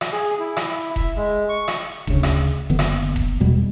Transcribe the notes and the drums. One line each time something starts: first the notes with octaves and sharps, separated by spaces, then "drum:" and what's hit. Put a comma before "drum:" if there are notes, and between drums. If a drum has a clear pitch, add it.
drum: rim click
G#4
E4
drum: rim click
E5, drum: kick E1
G#3
C#6
drum: rim click
D2 C#3, drum: kick E1
drum: rim click
F#1 D3 E3 B3
drum: rim click
drum: kick E1
E2 B2 G3 G#3